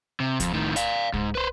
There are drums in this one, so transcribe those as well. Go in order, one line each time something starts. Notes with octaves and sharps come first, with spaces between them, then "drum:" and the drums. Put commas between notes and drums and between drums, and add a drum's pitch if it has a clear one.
C3
F2, drum: kick C2, hi-hat
A2 D#3
D5 F5, drum: hi-hat
G#2, drum: kick C2
B4 C5